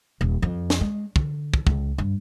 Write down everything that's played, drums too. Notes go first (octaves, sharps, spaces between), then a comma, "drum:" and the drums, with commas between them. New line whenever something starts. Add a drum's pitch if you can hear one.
D#1
F2
drum: snare
G#3
D3, drum: kick
drum: kick
C#2, drum: kick
G2